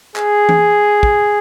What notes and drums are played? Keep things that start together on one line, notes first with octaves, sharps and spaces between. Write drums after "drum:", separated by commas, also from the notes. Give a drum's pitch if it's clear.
G#4, drum: clap
drum: tom E3
drum: kick